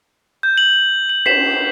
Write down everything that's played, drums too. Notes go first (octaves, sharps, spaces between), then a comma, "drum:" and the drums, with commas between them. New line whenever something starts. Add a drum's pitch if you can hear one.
G6
F#7
F#7
B6 C7 E7, drum: cymbal